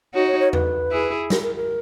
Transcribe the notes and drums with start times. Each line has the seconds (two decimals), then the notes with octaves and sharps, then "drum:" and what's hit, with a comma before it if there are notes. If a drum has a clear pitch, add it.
0.14 D#4 F#4 C#5
0.27 C#5
0.40 C#5
0.53 B4, drum: tom E2
0.92 E4 G#4
1.30 A#4, drum: snare
1.43 A#4
1.56 A#4